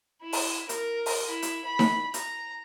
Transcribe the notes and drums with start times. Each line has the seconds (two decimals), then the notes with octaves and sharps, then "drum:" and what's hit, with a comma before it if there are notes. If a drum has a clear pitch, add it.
0.22 E4
0.33 drum: open hi-hat
0.69 A#4, drum: hi-hat
1.06 drum: open hi-hat
1.29 E4
1.42 drum: hi-hat
1.65 B5
1.79 drum: snare D#4
2.14 A#5, drum: hi-hat